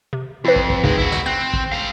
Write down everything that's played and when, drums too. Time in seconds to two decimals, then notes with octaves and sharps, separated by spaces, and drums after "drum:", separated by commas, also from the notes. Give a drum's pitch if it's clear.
0.13 C3
0.45 F2 E4 B4
0.56 drum: kick
0.70 drum: kick
0.84 D2 G#2 C#3 G#3 C4
0.98 E4 F#4, drum: kick
1.12 drum: snare
1.26 C4 F#6
1.54 drum: kick
1.72 G#3 F5